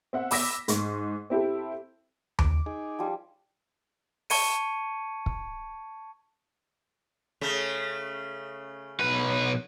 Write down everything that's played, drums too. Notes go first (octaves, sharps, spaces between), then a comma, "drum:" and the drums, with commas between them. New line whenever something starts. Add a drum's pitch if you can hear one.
C4 E5 F#5
B5 D6 E6 A#6 B6, drum: open hi-hat
G#2 C#6, drum: hi-hat
C4 E4 G4 A4
D6, drum: tom D#2
D#4 G#4
F3 G3
A5 C#6 G#6 C#7 D#7, drum: open hi-hat
drum: kick
C#3 A3
B1 B4